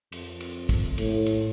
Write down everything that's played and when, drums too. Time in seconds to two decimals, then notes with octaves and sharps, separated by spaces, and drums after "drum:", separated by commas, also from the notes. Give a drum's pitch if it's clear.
0.12 F2, drum: cymbal
0.41 drum: cymbal
0.69 drum: kick, cymbal
0.98 A2, drum: cymbal
1.26 drum: cymbal